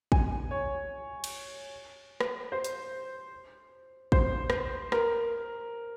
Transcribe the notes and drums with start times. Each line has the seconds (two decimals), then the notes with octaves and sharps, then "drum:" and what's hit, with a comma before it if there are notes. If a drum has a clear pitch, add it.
0.12 G#5, drum: kick
0.51 C#5
1.24 drum: cymbal
2.21 drum: rim click
2.52 C5
2.64 drum: hi-hat
4.12 C5, drum: kick
4.50 drum: rim click
4.92 A#4, drum: rim click